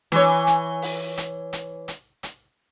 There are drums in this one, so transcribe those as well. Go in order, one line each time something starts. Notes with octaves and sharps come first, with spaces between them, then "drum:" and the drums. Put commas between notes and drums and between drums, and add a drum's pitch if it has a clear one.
E3 C#5, drum: snare D4
drum: hi-hat
drum: open hi-hat
drum: hi-hat
drum: hi-hat
drum: hi-hat
drum: hi-hat